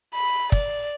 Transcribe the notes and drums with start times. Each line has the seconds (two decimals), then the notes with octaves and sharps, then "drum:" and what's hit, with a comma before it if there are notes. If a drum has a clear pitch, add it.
0.14 B5
0.52 D5, drum: kick